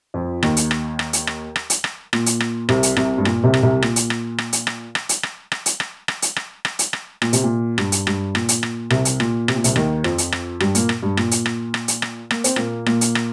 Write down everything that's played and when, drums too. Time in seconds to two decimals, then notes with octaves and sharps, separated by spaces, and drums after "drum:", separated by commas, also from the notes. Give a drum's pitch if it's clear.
0.14 F2 F3
0.43 D#2 D#3, drum: rim click
0.57 drum: hi-hat
0.71 drum: rim click
0.99 drum: rim click
1.13 drum: hi-hat
1.27 drum: rim click
1.56 drum: rim click
1.70 drum: hi-hat
1.84 drum: rim click
2.13 A#2, drum: rim click
2.26 drum: hi-hat
2.40 drum: rim click
2.69 C2 C3, drum: rim click
2.83 drum: hi-hat
2.96 C2 C3, drum: rim click
3.18 G2
3.25 A#2, drum: rim click
3.44 C2 C3
3.54 drum: rim click
3.63 C2 C3
3.82 A#2, drum: rim click
3.96 drum: hi-hat
4.10 drum: rim click
4.38 drum: rim click
4.53 drum: hi-hat
4.67 drum: rim click
4.95 drum: rim click
5.09 drum: hi-hat
5.23 drum: rim click
5.52 drum: rim click
5.66 drum: hi-hat
5.80 drum: rim click
6.08 drum: rim click
6.22 drum: hi-hat
6.36 drum: rim click
6.65 drum: rim click
6.79 drum: hi-hat
6.93 drum: rim click
7.22 A#2, drum: rim click
7.33 C3, drum: hi-hat
7.43 A#2
7.78 G2, drum: rim click
7.92 drum: hi-hat
8.07 G2, drum: rim click
8.35 A#2, drum: rim click
8.49 drum: hi-hat
8.63 drum: rim click
8.90 C2 C3, drum: rim click
9.05 drum: hi-hat
9.20 A#2, drum: rim click
9.48 C3, drum: rim click
9.56 A#2
9.64 C2 C3, drum: hi-hat
9.76 D#2 D#3, drum: rim click
10.04 F2 F3, drum: rim click
10.18 drum: hi-hat
10.32 drum: rim click
10.60 G2 G3, drum: rim click
10.75 A#2 A#3, drum: hi-hat
10.89 drum: rim click
11.03 G2
11.17 A#2, drum: rim click
11.31 drum: hi-hat
11.46 drum: rim click
11.74 drum: rim click
11.88 drum: hi-hat
12.02 drum: rim click
12.31 A#3, drum: rim click
12.44 C4, drum: hi-hat
12.56 A#2 A#3, drum: rim click
12.86 A#2 A#3, drum: rim click
13.01 drum: hi-hat
13.15 drum: rim click